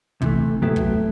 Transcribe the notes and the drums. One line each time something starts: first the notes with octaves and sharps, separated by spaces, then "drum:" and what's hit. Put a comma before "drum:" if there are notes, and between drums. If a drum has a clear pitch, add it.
C3 E3 A3, drum: kick
F#2 F#3 A3 B3 E4 G4
drum: kick